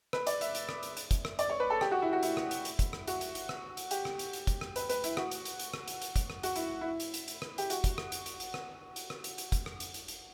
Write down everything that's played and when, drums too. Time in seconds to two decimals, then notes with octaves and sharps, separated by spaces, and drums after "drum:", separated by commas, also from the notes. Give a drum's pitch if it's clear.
0.13 B4, drum: rim click
0.27 D5, drum: hi-hat
0.41 E5, drum: hi-hat
0.55 drum: hi-hat
0.69 drum: rim click
0.83 drum: hi-hat
0.97 drum: hi-hat
1.11 drum: kick, hi-hat
1.25 drum: rim click
1.39 D5, drum: hi-hat
1.50 C#5
1.60 B4
1.70 A4
1.81 G4, drum: rim click
1.91 F#4
2.02 E4
2.13 F#4
2.23 E4, drum: hi-hat
2.37 drum: rim click
2.51 drum: hi-hat
2.65 drum: hi-hat
2.79 drum: kick, hi-hat
2.93 drum: rim click
3.08 F#4, drum: hi-hat
3.21 drum: hi-hat
3.35 drum: hi-hat
3.49 drum: rim click
3.77 drum: hi-hat
3.91 G4, drum: hi-hat
4.05 drum: rim click
4.19 drum: hi-hat
4.33 drum: hi-hat
4.47 drum: kick, hi-hat
4.61 drum: rim click
4.76 B4, drum: hi-hat
4.89 B4, drum: hi-hat
5.04 E4, drum: hi-hat
5.17 F#4, drum: rim click
5.31 drum: hi-hat
5.45 drum: hi-hat
5.60 drum: hi-hat
5.74 drum: rim click
5.88 drum: hi-hat
6.02 drum: hi-hat
6.16 drum: kick, hi-hat
6.30 drum: rim click
6.43 F#4, drum: hi-hat
6.56 E4, drum: hi-hat
6.81 E4
7.00 drum: hi-hat
7.14 drum: hi-hat
7.28 drum: hi-hat
7.42 drum: rim click
7.58 G4, drum: hi-hat
7.70 F#4, drum: hi-hat
7.84 drum: kick, hi-hat
7.98 drum: rim click
8.12 drum: hi-hat
8.26 drum: hi-hat
8.40 drum: hi-hat
8.54 drum: rim click
8.96 drum: hi-hat
9.10 drum: rim click
9.24 drum: hi-hat
9.38 drum: hi-hat
9.52 drum: kick, hi-hat
9.66 drum: rim click
9.80 drum: hi-hat
9.94 drum: hi-hat
10.08 drum: hi-hat